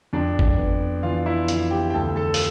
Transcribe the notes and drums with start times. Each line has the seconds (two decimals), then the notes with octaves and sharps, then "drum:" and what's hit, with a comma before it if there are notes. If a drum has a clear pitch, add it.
0.13 F2 D4 D5
0.39 drum: kick G1
0.58 B3
1.03 E3 F4 F5
1.26 E4 E5
1.48 F2 F4 F5, drum: hi-hat
1.71 G4 G5
1.90 G5
1.94 D2 A4 A5
2.16 A4 A5
2.34 F5, drum: open hi-hat